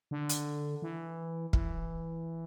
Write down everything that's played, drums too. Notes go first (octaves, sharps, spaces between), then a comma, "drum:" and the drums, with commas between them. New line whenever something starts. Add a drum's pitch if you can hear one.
D3
drum: hi-hat
E3
E3, drum: kick